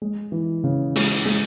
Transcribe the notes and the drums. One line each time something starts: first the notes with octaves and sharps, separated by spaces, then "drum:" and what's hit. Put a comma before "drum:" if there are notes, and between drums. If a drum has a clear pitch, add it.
G#3
E3
C#3
G#3, drum: open hi-hat
G#3